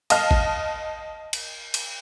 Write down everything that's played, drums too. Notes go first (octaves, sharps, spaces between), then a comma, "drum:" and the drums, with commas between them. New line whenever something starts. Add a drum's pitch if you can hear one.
D#5 F5 A5 F6, drum: cymbal
drum: kick G#1
drum: cymbal
drum: cymbal